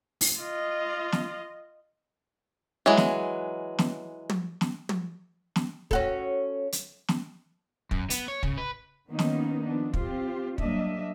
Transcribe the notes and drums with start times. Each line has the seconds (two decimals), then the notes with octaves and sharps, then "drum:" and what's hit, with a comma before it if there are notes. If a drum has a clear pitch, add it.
0.21 drum: open hi-hat
0.39 F4 D#5
1.12 drum: snare
2.86 E3 F#3 G#3
2.97 drum: snare
3.79 drum: snare
4.30 drum: tom
4.61 drum: snare
4.89 drum: tom
5.56 drum: snare
5.91 C#4 F#4 A4, drum: kick
6.72 drum: hi-hat
7.08 drum: snare
7.91 F#2, drum: kick
8.10 B3, drum: hi-hat
8.28 C#5
8.43 C#3, drum: kick
8.58 B4
9.08 D#3 F3 A#3 B3 C#4 D#4
9.19 drum: snare
9.63 F3 B3 D4
9.94 C4 F4 G4, drum: kick
10.58 F#3 G3 A#3 D4 D#5 E5, drum: kick